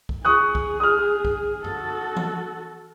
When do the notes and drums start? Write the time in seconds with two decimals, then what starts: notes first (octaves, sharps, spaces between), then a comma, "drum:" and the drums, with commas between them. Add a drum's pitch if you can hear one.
0.09 drum: kick B1
0.25 G#4 C#6 D#6 F#6
0.55 drum: kick B1
0.80 D#6 F6
1.25 drum: kick B1
1.64 F#4 A4, drum: tom F#2
2.16 drum: tom E3